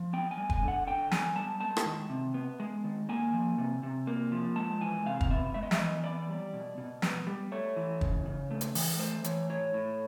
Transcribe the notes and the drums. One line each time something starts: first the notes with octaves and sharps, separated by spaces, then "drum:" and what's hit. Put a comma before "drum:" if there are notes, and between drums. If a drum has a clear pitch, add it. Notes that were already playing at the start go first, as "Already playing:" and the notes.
Already playing: F3
B3 G5
G#5
G3
G#5, drum: kick
D3
F#5
D3 G5
B3 G#5, drum: snare
G3 A5
G#3 A5
drum: rim click
D#3
C3
B3
G#3
D#3
A#3 G#5
F3
C3
C3
A#3
F3
G#3 A5
E3 G#5
C3 F5
F5, drum: kick
B3 E5
G#3 E5
D#5
E5, drum: snare
E3 D#5
B3 D5
G3
B2
B2
B3, drum: snare
G3
A3 C#5
E3
C#3, drum: kick
C#3
A3
drum: hi-hat
E3, drum: open hi-hat
A3 C5
E3 C#5, drum: hi-hat
A2 C#5
A2